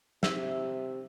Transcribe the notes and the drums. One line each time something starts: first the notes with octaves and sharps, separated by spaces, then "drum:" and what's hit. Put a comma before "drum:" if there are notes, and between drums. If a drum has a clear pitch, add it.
C3 E5, drum: snare